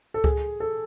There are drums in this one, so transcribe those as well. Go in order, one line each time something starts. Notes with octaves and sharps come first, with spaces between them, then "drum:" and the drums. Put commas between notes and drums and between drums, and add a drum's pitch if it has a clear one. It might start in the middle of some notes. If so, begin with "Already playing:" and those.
A4
G#4, drum: kick C#2
A4